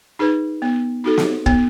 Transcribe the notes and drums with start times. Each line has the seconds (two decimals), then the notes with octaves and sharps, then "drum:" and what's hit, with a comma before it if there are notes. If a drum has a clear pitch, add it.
0.19 D#4 G#4 B4
0.62 B3
1.04 D#4 F#4 A4
1.17 drum: snare
1.46 B3, drum: kick